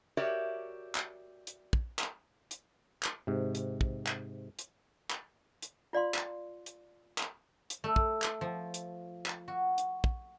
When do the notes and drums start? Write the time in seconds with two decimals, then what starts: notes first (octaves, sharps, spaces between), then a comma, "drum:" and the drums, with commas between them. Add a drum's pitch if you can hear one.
0.17 F#4 G4 A#4 C#5 D5 E5
0.95 drum: clap
1.47 drum: hi-hat
1.73 drum: kick
1.99 drum: clap
2.51 drum: hi-hat
3.03 drum: clap
3.27 G#2 C3
3.55 drum: hi-hat
3.81 drum: kick
4.07 drum: clap
4.59 drum: hi-hat
5.11 drum: clap
5.62 drum: hi-hat
5.93 F4 D5 F5 C6
6.14 drum: clap
6.66 drum: hi-hat
7.18 drum: clap
7.70 drum: hi-hat
7.84 A3
7.96 drum: kick
8.22 drum: clap
8.41 F3
8.74 drum: hi-hat
9.26 drum: clap
9.48 F#4
9.78 drum: hi-hat
10.04 drum: kick